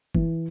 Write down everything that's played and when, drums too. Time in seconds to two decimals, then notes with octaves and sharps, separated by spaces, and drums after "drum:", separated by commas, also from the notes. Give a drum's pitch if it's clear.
0.15 E3, drum: kick